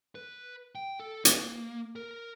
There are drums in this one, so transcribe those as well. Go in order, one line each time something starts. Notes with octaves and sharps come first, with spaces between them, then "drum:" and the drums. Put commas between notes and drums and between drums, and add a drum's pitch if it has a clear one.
B4
G5
A4
A#3, drum: hi-hat
A#4